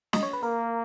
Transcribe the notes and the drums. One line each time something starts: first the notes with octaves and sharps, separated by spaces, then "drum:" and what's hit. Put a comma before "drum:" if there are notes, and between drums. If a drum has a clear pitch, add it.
D#5, drum: snare
C#5
B4
A#3 A#4